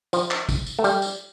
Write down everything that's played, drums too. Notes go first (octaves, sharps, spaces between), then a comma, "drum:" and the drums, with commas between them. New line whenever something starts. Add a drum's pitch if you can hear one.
F3, drum: tambourine
drum: clap
drum: kick, tambourine
drum: tambourine
A3
G3, drum: tambourine
drum: tambourine